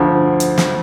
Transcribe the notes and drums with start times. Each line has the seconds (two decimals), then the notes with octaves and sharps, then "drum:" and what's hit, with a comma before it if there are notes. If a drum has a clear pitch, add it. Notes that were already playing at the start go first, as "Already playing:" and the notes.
Already playing: D2 D3 F3
0.40 drum: hi-hat
0.58 drum: snare